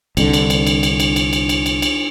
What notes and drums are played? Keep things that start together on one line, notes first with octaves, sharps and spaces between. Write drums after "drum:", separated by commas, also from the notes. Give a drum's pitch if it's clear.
C2 D3, drum: cymbal
drum: cymbal
drum: cymbal
drum: cymbal
drum: cymbal
drum: cymbal
drum: cymbal
drum: cymbal
drum: cymbal
drum: cymbal
drum: cymbal